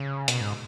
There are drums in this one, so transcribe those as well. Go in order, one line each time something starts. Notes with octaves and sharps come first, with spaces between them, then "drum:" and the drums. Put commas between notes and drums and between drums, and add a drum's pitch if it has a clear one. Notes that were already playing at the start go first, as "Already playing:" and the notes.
Already playing: C#3
B2, drum: hi-hat
G#2